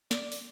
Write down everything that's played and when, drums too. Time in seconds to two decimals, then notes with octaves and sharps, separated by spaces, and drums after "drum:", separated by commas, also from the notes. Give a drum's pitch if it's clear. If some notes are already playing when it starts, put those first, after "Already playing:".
0.11 D5, drum: snare
0.32 drum: open hi-hat